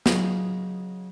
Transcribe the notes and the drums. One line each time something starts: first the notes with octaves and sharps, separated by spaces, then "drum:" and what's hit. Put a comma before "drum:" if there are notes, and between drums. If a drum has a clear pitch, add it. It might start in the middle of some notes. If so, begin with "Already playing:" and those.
C#3 F#3 D#4, drum: snare